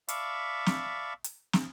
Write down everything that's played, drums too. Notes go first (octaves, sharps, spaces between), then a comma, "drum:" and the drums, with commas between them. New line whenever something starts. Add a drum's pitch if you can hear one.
D5 E5 F5 A5 B5 C#6, drum: hi-hat
drum: snare
drum: hi-hat
drum: snare